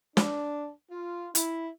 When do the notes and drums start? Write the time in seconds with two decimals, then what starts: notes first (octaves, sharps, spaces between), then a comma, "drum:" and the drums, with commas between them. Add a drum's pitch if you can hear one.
0.17 D4, drum: snare
0.91 F4
1.35 E4, drum: hi-hat